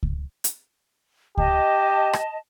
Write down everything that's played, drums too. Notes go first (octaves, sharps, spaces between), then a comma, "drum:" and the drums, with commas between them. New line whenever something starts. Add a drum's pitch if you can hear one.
drum: kick C#2
drum: hi-hat
G4 D#5 A5, drum: kick C#2
drum: rim click